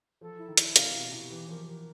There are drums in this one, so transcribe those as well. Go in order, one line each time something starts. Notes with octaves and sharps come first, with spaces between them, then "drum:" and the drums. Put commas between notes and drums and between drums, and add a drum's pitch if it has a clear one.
F3 A4
E4
D#3
E4, drum: hi-hat
C3 F5, drum: hi-hat
B2 E4
C3 E4
E3 G4
F3 A#4
A#4